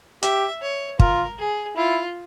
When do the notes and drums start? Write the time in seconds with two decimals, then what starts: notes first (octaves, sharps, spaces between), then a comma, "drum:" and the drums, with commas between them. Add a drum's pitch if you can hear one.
0.23 G4 E5, drum: hi-hat
0.62 C#5
0.99 F4 A#4, drum: kick
1.39 G#4
1.77 E4 F4